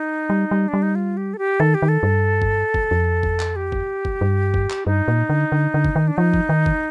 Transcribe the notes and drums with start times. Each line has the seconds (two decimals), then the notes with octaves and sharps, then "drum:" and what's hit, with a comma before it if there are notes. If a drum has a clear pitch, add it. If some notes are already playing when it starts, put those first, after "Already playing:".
Already playing: D#4
0.30 G3
0.51 G3
0.68 D4
0.74 G3
0.82 D#4
0.95 F4
1.17 G4
1.34 A4
1.38 G4
1.60 D#3 A4
1.74 G4
1.82 D#3
1.88 A4
2.03 G2
2.42 drum: kick G1
2.74 drum: kick G1
2.91 F2
3.23 drum: kick G1
3.40 drum: clap
3.56 G4
3.72 drum: kick G1
4.05 drum: kick G1
4.21 G2
4.54 drum: kick G1
4.70 drum: clap
4.86 G2 D#4
5.08 A#2
5.29 D3
5.52 D3
5.74 D3
5.85 drum: kick G1
5.96 D#3
6.08 D4
6.17 F3 D#4
6.34 drum: kick G1
6.49 D#3
6.66 drum: kick G1